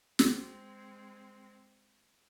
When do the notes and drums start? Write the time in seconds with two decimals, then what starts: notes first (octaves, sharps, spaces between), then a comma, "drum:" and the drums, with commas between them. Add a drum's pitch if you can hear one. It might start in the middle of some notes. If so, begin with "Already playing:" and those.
0.19 G#3 C4, drum: snare